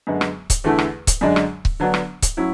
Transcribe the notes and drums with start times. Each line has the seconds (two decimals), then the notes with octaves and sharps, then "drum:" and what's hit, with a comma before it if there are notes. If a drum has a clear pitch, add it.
0.07 F#2 D3 G#3 B3
0.21 drum: rim click
0.50 drum: kick C#1, hi-hat
0.64 E2 D3 A3 E4
0.78 drum: rim click
1.07 drum: kick C#1, hi-hat
1.21 F#2 D3 G#3 D4
1.36 drum: rim click
1.65 drum: kick C#1
1.80 D3 F#3 B3 D4
1.94 drum: rim click
2.22 drum: kick C#1, hi-hat
2.37 A2 F#3 C#4 E4